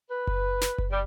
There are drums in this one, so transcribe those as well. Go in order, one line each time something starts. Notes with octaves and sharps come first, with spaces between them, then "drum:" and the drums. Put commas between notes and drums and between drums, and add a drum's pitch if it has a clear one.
B4
drum: kick F#1
drum: snare
drum: kick F#1
G3